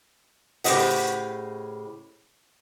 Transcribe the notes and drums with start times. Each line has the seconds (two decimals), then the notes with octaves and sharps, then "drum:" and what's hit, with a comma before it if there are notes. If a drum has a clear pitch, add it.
0.64 A2 C#3 G4 C5 D#5 F#5, drum: open hi-hat